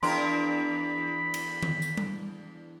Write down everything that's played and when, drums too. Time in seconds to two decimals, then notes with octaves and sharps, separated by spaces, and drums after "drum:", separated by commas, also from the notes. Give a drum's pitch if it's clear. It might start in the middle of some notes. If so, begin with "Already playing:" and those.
0.03 E2 D4 A#4 B5 C6
1.34 drum: cymbal
1.63 drum: tom D#3
1.82 drum: tambourine
1.97 drum: tom G3